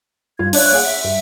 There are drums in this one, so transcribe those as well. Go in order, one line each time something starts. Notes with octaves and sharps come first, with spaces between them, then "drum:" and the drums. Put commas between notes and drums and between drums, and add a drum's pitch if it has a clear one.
G2 G3 F4 G#6
D4 C#5 D5 E5 F#6, drum: open hi-hat
A#3 G#4 F#5
E5 B6
G2